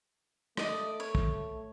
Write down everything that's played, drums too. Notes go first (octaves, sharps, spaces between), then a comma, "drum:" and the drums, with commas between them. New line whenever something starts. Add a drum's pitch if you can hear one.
A3 D5 D#5, drum: rim click
C#5
drum: kick